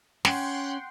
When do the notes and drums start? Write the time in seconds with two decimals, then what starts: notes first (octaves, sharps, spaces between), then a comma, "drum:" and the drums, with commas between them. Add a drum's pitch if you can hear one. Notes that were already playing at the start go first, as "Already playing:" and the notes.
0.25 C#4 F#5 G5 C6, drum: snare